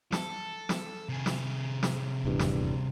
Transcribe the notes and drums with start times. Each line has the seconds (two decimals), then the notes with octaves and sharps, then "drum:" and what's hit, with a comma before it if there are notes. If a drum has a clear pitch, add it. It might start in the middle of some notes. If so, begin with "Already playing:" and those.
0.12 A4, drum: snare
0.69 drum: snare
1.09 C3 G#4
1.26 drum: snare
1.83 drum: snare
2.25 D#1 E2 G2
2.39 drum: snare